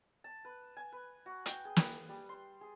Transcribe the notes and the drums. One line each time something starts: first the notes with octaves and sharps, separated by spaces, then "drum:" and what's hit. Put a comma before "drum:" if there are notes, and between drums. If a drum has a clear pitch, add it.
A5
B4
G#5
B4
F#4
G5, drum: hi-hat
G#4
B4, drum: snare
G3
C6
G#4